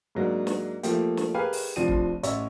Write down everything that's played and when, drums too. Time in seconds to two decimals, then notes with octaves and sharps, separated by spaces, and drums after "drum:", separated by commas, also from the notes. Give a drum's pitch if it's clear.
0.15 G#2 F#3 A#3 D4
0.47 drum: snare
0.83 F3 A3 A#3 G4, drum: hi-hat
1.17 drum: snare
1.35 G4 G#4 A#4 B4 F5 G#5
1.53 drum: open hi-hat
1.76 F1 F3 C4 D4 D#7
1.88 drum: kick
2.23 A1 C#5 E5, drum: hi-hat